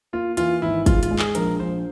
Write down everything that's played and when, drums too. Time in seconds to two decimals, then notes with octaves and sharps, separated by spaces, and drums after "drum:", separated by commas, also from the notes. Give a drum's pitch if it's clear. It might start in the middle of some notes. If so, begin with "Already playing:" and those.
0.13 A#3 F4
0.37 E3 F4, drum: hi-hat
0.62 G#1 E4
0.86 G#3 F4, drum: kick, hi-hat
1.03 F4, drum: hi-hat
1.11 G#3
1.19 G#4, drum: clap
1.35 A#1 A#4, drum: hi-hat
1.59 A#1 C5